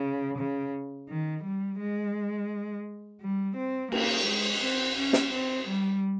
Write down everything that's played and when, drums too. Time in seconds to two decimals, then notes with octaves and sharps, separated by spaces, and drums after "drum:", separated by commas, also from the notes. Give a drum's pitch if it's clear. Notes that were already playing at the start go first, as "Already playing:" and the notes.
Already playing: C#3
0.38 C#3
1.09 D#3
1.44 G3
1.79 G#3
3.21 G3
3.57 C4
3.92 A#3, drum: cymbal
4.27 G#3
4.63 C4
4.97 C#4
5.13 drum: snare
5.33 C4
5.68 G3